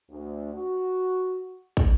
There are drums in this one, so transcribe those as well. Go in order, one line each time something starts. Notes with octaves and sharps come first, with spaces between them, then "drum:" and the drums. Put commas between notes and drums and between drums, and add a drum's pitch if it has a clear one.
D2
F#4
drum: kick